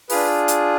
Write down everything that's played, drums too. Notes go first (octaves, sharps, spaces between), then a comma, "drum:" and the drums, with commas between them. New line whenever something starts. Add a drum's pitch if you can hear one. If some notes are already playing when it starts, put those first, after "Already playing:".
D4 F4 G#4 B4, drum: open hi-hat
drum: hi-hat